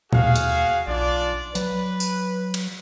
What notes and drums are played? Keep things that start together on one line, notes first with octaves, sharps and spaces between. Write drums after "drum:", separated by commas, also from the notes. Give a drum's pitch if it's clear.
D#2 F#4 G#4 F5, drum: tom A#2
drum: hi-hat
B1 D4 F4 D5
F#3 B4, drum: hi-hat
drum: tambourine
drum: cymbal